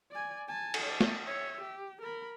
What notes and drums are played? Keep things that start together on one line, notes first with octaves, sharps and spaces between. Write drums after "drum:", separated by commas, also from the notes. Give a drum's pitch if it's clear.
D5 G#5
G#5 A5
drum: cymbal
D5 A5
drum: snare
C#5 E5
G4
A#4 B5